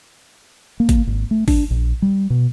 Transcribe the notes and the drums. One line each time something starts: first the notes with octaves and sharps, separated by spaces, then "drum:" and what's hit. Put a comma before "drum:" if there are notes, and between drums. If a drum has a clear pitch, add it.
A#3
drum: kick G#1, hi-hat
G#1
A3
D4, drum: kick G#1, open hi-hat
A#1
G3
B2